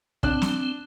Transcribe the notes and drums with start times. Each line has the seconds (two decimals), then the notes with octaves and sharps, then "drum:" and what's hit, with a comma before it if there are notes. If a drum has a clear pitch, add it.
0.23 C4 D4 F#6, drum: kick
0.42 drum: snare